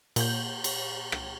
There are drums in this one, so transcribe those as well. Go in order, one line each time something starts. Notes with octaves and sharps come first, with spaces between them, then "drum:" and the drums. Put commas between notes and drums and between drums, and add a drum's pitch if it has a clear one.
A#2 G6, drum: cymbal
drum: cymbal
drum: rim click